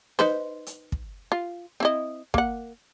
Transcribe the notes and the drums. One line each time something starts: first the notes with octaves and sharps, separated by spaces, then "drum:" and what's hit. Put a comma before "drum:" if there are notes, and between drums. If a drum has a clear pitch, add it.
D#4 B4 C5, drum: snare
drum: hi-hat
drum: kick
F4
C4 E4 D#5
A#3 F#5, drum: kick